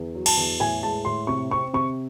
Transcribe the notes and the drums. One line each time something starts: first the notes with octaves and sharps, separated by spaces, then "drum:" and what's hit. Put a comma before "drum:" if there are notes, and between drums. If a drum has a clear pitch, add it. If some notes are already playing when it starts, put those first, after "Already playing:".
Already playing: E2
F#3
A5, drum: cymbal
E2
A2 G#5
G#3 A5
A2 C6
C3 C#6
C4 C#6
C3 C#6